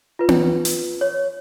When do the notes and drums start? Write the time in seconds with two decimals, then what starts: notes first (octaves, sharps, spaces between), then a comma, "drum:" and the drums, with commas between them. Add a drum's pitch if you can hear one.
0.19 F4 B4
0.29 drum: tom B3
0.65 drum: hi-hat
1.01 C#5